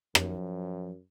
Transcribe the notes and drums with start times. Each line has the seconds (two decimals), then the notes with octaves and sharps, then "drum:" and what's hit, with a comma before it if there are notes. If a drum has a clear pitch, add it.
0.15 F#2 F3, drum: rim click